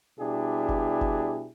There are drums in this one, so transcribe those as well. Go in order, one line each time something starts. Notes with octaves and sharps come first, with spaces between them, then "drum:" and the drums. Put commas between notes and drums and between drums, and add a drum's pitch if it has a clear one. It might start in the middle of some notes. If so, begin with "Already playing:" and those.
B2 G3 D4 E4 G4 G#4
drum: kick F#1
drum: kick F#1